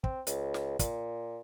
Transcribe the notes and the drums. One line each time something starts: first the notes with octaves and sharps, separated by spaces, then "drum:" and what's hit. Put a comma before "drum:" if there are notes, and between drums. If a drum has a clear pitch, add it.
C4, drum: kick
C#2, drum: hi-hat
drum: snare
A#2, drum: kick, hi-hat